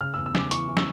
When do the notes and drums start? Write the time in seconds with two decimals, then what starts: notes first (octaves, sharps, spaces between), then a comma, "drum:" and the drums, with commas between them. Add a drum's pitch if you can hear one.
0.01 C#3 F6
0.14 E6
0.17 E2
0.26 E6
0.35 C#3 D6, drum: snare
0.51 E3 C#6, drum: hi-hat
0.68 E3
0.77 E6, drum: snare